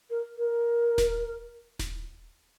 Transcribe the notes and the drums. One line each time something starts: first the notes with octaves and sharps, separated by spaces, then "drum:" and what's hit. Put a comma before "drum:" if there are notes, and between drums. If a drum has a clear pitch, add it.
A#4
A#4
drum: snare D#1
drum: snare D#1